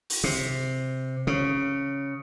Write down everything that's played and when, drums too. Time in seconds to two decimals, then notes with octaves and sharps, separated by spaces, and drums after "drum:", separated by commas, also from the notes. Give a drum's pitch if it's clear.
0.10 drum: open hi-hat
0.24 C3
1.27 C#3